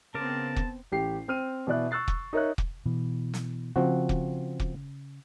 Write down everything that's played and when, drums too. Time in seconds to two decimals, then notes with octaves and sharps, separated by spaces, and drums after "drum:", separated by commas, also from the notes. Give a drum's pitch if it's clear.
0.14 C#3 B3 C4 A#4 A5 D6
0.56 drum: kick
0.92 A1 G4 C7
1.28 C4 F6 D#7
1.67 B2 E3 E4 D5 F#6
1.91 C#6 E6 F#6 A6 C7
2.08 drum: kick
2.33 D#4 A#4 C#5 E5 F#6
2.58 drum: kick
2.86 B2 E3
3.34 drum: snare
3.76 C#3 F3 C4 F#4
4.09 drum: kick
4.60 drum: kick